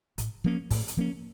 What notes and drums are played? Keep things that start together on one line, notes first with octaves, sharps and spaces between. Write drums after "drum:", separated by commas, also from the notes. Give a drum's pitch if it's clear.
A2, drum: kick, hi-hat
F3 A#3 C#4
A2, drum: kick, open hi-hat
drum: hi-hat
F3 A#3 C#4